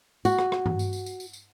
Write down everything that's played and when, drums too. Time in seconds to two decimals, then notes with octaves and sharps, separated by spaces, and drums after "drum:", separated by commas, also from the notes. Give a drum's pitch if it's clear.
0.25 F#4, drum: tambourine
0.39 drum: rim click
0.52 drum: rim click
0.66 drum: tom
0.79 drum: tambourine
0.93 drum: tambourine
1.06 drum: tambourine
1.20 drum: tambourine
1.33 drum: tambourine